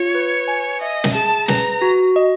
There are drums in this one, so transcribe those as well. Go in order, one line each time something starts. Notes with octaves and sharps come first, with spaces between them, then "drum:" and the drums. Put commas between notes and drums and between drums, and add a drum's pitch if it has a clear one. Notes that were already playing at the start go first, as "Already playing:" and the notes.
Already playing: F4 C#5
B4
G#5
D#5 E5
drum: snare
G#4 A5
B4 A#5, drum: snare
F#4
D#5